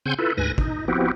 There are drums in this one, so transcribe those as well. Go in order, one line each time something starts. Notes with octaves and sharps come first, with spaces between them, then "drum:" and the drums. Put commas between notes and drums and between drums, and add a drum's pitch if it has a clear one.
C#3 C4 F#5 G#5 C6 G6
E4 F4 A4 B4
D2 G#2 B4 G#5 A#6
D#4, drum: kick
F3 B3 C4 E4 F#4 G4